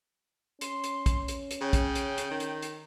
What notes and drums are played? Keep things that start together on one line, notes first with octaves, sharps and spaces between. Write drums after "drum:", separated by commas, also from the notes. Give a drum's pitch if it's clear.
C#4 C6, drum: hi-hat
drum: hi-hat
drum: kick, hi-hat
drum: hi-hat
drum: hi-hat
C#3 G5
drum: kick, hi-hat
drum: hi-hat
drum: hi-hat
D#3
drum: hi-hat
drum: hi-hat